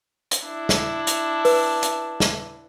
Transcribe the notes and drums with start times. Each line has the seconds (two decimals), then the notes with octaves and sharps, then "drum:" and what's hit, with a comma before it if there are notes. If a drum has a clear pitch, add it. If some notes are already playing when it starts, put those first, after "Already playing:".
0.31 drum: hi-hat
0.44 D4 E4
0.69 drum: snare
1.07 drum: hi-hat
1.45 B4, drum: open hi-hat
1.83 drum: hi-hat
2.20 drum: snare